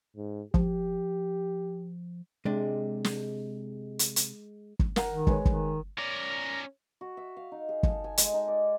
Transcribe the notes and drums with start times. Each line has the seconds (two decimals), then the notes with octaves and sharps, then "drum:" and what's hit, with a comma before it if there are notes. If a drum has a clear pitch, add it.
0.17 G#2
0.54 F3 G4, drum: kick
2.45 C3 G#3 D4
3.04 drum: snare
3.99 drum: hi-hat
4.16 drum: hi-hat
4.79 drum: kick
4.96 A#4 F#5 A#5, drum: snare
5.12 D#3
5.27 G#3 B4 C#5, drum: kick
5.45 D#3, drum: kick
5.98 C#4 A#4 D5
7.01 F#4
7.17 E5
7.37 F5
7.52 D#4
7.69 G#4
7.83 A4, drum: kick
8.04 G#5
8.18 G#3, drum: hi-hat
8.34 D#4
8.48 D5